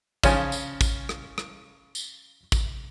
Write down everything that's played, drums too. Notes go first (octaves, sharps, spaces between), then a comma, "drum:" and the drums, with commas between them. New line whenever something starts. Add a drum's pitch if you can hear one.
C#3 F3 C#5 G#5, drum: kick, tambourine
drum: tambourine
drum: kick, tambourine
drum: rim click
drum: rim click
drum: tambourine
drum: kick, tambourine